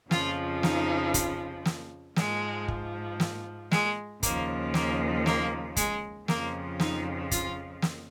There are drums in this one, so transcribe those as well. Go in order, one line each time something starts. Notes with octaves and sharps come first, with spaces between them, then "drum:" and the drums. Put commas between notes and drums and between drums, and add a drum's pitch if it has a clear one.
F2 C#3 F3 F4, drum: snare
D#4, drum: snare
drum: kick, hi-hat
drum: snare
G#2 F3 G#3, drum: snare
drum: kick
drum: snare
G#3, drum: snare
D#2 C#3 F3 A#3, drum: kick, hi-hat
A#3, drum: snare
A#3, drum: snare
G#3, drum: kick, hi-hat
F2 C#3 F3 A#3, drum: snare
D#4, drum: snare
F4, drum: kick, hi-hat
drum: snare